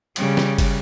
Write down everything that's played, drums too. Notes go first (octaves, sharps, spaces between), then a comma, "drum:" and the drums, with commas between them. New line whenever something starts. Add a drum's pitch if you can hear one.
C#3 G3, drum: cymbal
drum: snare
drum: kick G1, cymbal